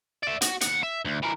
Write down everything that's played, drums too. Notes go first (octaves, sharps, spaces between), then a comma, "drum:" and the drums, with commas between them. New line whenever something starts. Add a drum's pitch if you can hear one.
D5 E5
F#4, drum: hi-hat
D#2 F#5, drum: hi-hat
E5
D2
E3 A#4